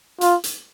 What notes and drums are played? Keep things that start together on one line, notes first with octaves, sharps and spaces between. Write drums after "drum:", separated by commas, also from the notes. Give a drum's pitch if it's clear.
F4, drum: hi-hat
drum: hi-hat